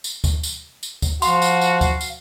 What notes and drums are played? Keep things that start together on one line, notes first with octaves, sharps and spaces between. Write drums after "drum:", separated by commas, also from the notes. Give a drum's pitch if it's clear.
drum: tambourine
drum: kick D2, tambourine
drum: tambourine
drum: tambourine
drum: kick D2, tambourine
F3 F#4 F5 C6, drum: tambourine
drum: tambourine
drum: tambourine
drum: kick D2, tambourine
drum: tambourine